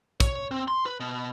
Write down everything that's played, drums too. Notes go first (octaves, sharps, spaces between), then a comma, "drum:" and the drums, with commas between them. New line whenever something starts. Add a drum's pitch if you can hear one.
C#5, drum: kick, hi-hat
C4
C6
B4
B2